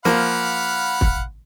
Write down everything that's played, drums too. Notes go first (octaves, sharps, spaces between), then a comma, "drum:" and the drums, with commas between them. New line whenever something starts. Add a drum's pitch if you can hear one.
F3 A#3 F5 F#5 B5, drum: snare
drum: kick